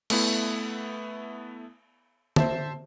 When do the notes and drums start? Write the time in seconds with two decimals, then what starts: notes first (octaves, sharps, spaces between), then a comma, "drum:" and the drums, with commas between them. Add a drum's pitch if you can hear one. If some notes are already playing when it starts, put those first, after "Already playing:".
0.10 A3 B3 E4, drum: cymbal
2.36 C5 E5 A5, drum: tom D3